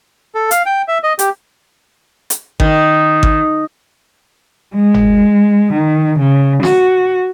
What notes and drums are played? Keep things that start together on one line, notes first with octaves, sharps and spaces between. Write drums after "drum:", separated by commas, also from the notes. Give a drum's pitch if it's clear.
A4
F5, drum: hi-hat
G5
E5
D#5
G4, drum: hi-hat
drum: hi-hat
D#3, drum: kick G#1
drum: kick G#1
G#3
drum: tom G1
D#3
C#3
F#4, drum: snare